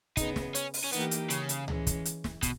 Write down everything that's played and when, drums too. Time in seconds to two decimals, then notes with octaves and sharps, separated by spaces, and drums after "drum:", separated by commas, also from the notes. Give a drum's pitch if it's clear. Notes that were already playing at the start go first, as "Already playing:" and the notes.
0.17 C#3 G#3 B3 D#4, drum: kick, hi-hat
0.36 drum: snare
0.55 C#4, drum: hi-hat
0.74 drum: open hi-hat
0.84 C#4
0.92 E3 A#3 B3 D#4 G4, drum: hi-hat
1.11 drum: hi-hat
1.30 C#3, drum: hi-hat
1.49 drum: hi-hat
1.68 E3 G#3 C#4, drum: tom C#2
1.87 drum: kick, hi-hat
2.05 drum: hi-hat
2.24 drum: snare
2.42 B2, drum: kick, hi-hat